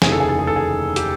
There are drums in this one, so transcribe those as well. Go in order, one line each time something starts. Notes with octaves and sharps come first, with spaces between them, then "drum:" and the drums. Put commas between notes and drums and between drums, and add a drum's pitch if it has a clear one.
F1 D#2 C#3 E3 G#4, drum: snare
A4
G#4
A4
G#4
A4
G#4
G4, drum: hi-hat